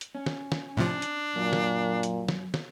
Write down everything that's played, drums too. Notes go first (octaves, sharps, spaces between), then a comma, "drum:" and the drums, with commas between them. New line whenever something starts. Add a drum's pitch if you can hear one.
drum: hi-hat
C#4
drum: snare
drum: snare
A2 C3 F3 D4
drum: hi-hat
F#2 A#2
drum: snare
drum: hi-hat
drum: snare
drum: snare